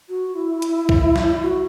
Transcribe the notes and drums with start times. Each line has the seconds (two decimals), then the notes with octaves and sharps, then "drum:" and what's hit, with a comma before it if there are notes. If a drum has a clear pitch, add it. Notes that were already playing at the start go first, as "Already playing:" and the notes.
0.09 F#4
0.35 E4
0.62 drum: hi-hat
0.89 drum: kick
1.16 drum: snare
1.42 F#4